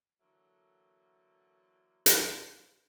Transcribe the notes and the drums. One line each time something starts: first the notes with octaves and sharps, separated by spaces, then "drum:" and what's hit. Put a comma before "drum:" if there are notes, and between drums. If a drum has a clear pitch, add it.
D3 E3 F#3 A3 A#3
drum: hi-hat